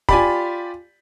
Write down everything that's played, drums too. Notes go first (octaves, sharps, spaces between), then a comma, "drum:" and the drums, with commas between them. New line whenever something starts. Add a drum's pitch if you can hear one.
F4 G4 D5 G#5 B5, drum: kick